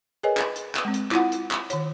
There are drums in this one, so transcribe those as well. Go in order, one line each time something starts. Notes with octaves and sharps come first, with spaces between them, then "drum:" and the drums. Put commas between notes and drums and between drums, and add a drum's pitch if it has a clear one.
G#4 A#4 B4 C#5 D#5 G#5
drum: clap
drum: hi-hat
drum: clap
G#3 C4
drum: hi-hat
E4 F4 F#5, drum: clap
drum: hi-hat
drum: clap
D#3 C#5, drum: hi-hat